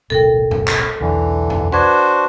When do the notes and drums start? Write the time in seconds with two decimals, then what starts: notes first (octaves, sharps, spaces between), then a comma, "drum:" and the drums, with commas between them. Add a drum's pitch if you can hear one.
0.10 D1 A1 B2 A4 A#4 G5
0.51 drum: tom F#2
0.68 drum: clap
1.01 B1 E2 D3 E3
1.50 drum: tom F#2
1.72 D4 F#4 B4 C5 G#6